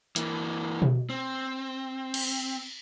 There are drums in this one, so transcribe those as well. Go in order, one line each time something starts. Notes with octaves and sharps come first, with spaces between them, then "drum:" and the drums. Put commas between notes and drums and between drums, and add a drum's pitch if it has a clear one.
E3 A#3, drum: hi-hat
drum: tom B2
C4
drum: cymbal